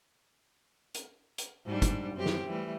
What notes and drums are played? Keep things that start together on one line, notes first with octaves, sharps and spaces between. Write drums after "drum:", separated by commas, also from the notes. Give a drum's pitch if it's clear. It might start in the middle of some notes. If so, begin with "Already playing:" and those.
drum: hi-hat
drum: hi-hat
G#2 G3 D4
drum: kick, hi-hat
F#2 C4 G4
drum: snare
E3 G3 A3